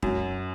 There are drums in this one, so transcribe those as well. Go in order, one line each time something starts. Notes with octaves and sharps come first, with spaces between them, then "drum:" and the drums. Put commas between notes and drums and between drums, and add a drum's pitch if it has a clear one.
F#2, drum: kick E1